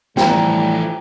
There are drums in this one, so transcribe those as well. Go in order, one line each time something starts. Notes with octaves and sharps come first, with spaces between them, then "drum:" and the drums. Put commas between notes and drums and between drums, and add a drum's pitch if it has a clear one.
A2 D3 E3 F3 G3 G5 A#5, drum: snare